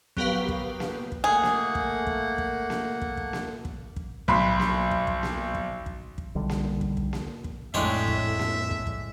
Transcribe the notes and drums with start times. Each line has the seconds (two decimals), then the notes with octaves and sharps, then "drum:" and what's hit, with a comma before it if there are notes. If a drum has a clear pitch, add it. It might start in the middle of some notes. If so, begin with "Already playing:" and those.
0.17 F#3 B3 G4 A#4 B4 F5, drum: kick
0.48 drum: kick
0.80 drum: snare A#3
1.12 drum: kick
1.24 A3 A#3 G#4 F#5
1.43 drum: snare A#3
1.75 drum: kick
2.07 drum: kick
2.38 drum: kick
2.70 drum: snare A#3
3.02 drum: kick
3.17 drum: kick
3.33 drum: snare A#3
3.65 drum: kick
3.96 drum: kick
4.28 B1 B5 C6, drum: kick
4.60 drum: snare A#3
4.91 drum: kick
5.07 drum: kick
5.23 drum: snare A#3
5.55 drum: kick
5.86 drum: kick
6.18 drum: kick
6.35 B1 D3 G3
6.49 drum: snare A#3
6.81 drum: kick
6.97 drum: kick
7.13 drum: snare A#3
7.44 drum: kick
7.74 F2 A2 G#3 D4 C#5 E5 G5, drum: kick
8.08 drum: kick
8.39 drum: snare A#3
8.71 drum: kick
8.87 drum: kick